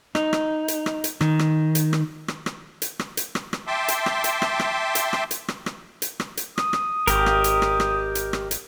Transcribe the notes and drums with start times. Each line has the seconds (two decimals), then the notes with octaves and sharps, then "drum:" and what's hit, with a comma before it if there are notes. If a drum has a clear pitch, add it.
0.15 D#4, drum: rim click
0.33 drum: rim click
0.68 drum: hi-hat
0.86 drum: rim click
1.04 drum: hi-hat
1.21 D#3, drum: rim click
1.39 drum: rim click
1.75 drum: hi-hat
1.93 drum: rim click
2.28 drum: rim click
2.46 drum: rim click
2.82 drum: hi-hat
2.99 drum: rim click
3.17 drum: hi-hat
3.35 drum: rim click
3.53 drum: rim click
3.67 E5 G5 A5 C6 D6
3.88 drum: hi-hat
4.06 drum: rim click
4.24 drum: hi-hat
4.42 drum: rim click
4.60 drum: rim click
4.95 drum: hi-hat
5.13 drum: rim click
5.31 drum: hi-hat
5.48 drum: rim click
5.66 drum: rim click
6.02 drum: hi-hat
6.20 drum: rim click
6.37 drum: hi-hat
6.58 D#6, drum: rim click
6.73 drum: rim click
7.07 G#1 G4 A#4, drum: hi-hat
7.26 drum: rim click
7.44 drum: hi-hat
7.62 drum: rim click
7.80 drum: rim click
8.15 drum: hi-hat
8.33 drum: rim click
8.51 drum: hi-hat